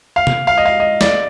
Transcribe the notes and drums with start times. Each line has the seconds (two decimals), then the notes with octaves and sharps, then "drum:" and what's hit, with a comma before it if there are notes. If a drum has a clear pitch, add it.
0.16 F5
0.27 drum: tom C3
0.47 F5
0.57 D#5
0.66 F5
0.80 D#5
1.01 D5, drum: snare